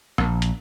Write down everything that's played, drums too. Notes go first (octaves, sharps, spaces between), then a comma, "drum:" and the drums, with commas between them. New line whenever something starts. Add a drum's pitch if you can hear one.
A#1, drum: rim click
drum: hi-hat